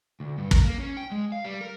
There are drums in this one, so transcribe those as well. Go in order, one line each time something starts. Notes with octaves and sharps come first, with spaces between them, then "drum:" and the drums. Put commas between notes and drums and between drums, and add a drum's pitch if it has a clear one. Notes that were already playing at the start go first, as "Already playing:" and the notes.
D2
G2
A#4, drum: kick
A#3
C#4
G5
G#3
F5
G3
A#4